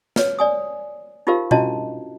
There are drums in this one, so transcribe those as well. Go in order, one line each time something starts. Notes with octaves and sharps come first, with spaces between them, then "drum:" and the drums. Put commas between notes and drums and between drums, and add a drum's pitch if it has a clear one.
B4 C#5, drum: snare
D5 G#5 D#6
D#4 F4 G4 A#4 C5 F5
C#4 D4 E4 F#4 D#5 A5, drum: tom B2